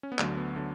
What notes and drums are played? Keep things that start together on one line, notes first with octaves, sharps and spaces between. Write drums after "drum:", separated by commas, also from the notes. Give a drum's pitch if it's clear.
C#4
B3
D2 D3 F#3 A3, drum: clap
B3
D3 F#3